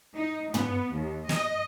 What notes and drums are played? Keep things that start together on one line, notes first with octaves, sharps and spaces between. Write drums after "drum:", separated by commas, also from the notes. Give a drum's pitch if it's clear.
D#4
B3, drum: tom
D#2
D#5, drum: snare